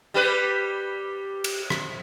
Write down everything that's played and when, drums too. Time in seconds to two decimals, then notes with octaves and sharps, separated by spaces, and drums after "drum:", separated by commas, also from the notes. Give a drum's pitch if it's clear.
0.14 G3 G4 B4
1.44 drum: cymbal
1.70 drum: rim click